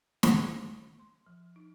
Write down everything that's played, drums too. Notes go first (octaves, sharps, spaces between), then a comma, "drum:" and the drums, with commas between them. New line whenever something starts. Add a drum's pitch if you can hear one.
drum: snare
C6
F3
D#4